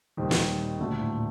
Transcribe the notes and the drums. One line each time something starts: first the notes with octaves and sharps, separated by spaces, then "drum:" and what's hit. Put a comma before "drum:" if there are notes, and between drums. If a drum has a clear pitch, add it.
D#2 A#2 D#3 G3 C4
drum: snare
D2 A#2 D3 A3
A2